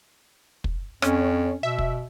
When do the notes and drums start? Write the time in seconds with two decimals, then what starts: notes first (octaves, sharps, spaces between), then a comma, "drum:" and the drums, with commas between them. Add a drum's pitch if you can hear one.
0.64 drum: kick
1.02 F2 C#4, drum: rim click
1.63 B2 E5
1.78 drum: kick